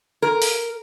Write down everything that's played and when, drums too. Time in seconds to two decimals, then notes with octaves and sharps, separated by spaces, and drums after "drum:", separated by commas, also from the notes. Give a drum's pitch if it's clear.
0.22 A#4
0.42 drum: open hi-hat